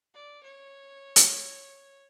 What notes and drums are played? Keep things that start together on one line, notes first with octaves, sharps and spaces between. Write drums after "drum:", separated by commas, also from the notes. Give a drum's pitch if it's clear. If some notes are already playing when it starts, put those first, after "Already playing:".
D5
C#5
drum: hi-hat